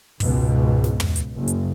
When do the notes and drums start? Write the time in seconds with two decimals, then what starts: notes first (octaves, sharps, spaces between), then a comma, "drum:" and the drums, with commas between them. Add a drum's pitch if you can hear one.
0.20 C#2 G#2 B2, drum: kick, open hi-hat
0.84 drum: snare
1.00 drum: tom
1.16 drum: hi-hat
1.38 F#1
1.48 drum: hi-hat